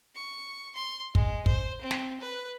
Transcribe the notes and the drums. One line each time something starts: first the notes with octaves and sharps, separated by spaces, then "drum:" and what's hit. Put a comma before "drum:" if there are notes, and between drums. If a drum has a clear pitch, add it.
C#6
C6
G#3, drum: kick
C5, drum: kick
C4
drum: snare
B4